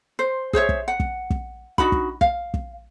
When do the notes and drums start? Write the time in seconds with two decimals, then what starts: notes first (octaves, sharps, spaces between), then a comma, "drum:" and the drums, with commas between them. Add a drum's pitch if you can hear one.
0.19 C5
0.53 G#4 C5 C#5 E5, drum: kick
0.69 drum: kick
0.88 F#5
1.00 drum: kick
1.30 drum: kick
1.78 D4 D#4 F#4 B5, drum: kick
1.92 drum: kick
2.21 F5, drum: kick
2.54 drum: kick